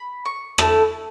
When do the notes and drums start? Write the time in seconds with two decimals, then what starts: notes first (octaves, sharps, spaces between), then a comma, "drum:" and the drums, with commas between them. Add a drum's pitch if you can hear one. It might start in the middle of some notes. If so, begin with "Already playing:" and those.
Already playing: B5
0.25 C#6
0.58 A3 E4 A4, drum: rim click